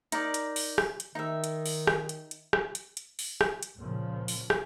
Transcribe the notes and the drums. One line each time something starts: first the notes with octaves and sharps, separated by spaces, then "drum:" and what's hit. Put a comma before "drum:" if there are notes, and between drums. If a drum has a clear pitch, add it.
D#4 A#4 D5, drum: hi-hat
drum: hi-hat
drum: open hi-hat
drum: rim click
drum: hi-hat
D#3 D#4 E5
drum: hi-hat
drum: open hi-hat
drum: rim click
drum: hi-hat
drum: hi-hat
drum: rim click
drum: hi-hat
drum: hi-hat
drum: open hi-hat
drum: rim click
drum: hi-hat
C#2 A#2 C#3 F3
drum: open hi-hat
drum: rim click